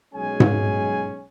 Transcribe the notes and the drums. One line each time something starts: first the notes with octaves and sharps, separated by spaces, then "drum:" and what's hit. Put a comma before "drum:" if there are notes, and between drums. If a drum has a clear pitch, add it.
B1 F#3 G#3 C#4 G#4 G#5
drum: tom G#2